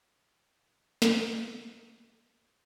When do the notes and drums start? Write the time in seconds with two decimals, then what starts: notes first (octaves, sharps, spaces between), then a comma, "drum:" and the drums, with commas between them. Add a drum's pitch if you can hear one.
0.10 A1 A#3 C4 G#4 D#6 E7
0.61 G3 F#4
1.02 drum: snare
1.18 A2 G#3
1.68 F2 F#3 A3 C#4
2.20 C#3 E4 F6
2.49 E3 G3 C4 C#4 D#4